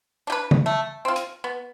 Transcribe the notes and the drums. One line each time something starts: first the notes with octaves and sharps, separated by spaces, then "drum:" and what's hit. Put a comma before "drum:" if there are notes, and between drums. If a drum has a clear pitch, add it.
D4 G4 B4
drum: tom C#3
A3
C4 F4
drum: hi-hat
B3